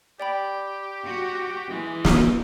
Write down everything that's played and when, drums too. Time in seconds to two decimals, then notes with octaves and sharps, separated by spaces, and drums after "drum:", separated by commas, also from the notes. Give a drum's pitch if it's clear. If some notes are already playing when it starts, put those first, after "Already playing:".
0.20 G4 D5 G5 B5
1.05 F#4
1.69 E3 G#3
2.05 drum: snare